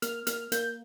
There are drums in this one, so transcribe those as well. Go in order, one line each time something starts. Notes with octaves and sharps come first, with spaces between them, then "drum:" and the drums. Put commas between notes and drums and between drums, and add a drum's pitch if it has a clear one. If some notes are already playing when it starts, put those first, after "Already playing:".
A#3 F6, drum: hi-hat
A#3 F6, drum: hi-hat
A#3 G6, drum: hi-hat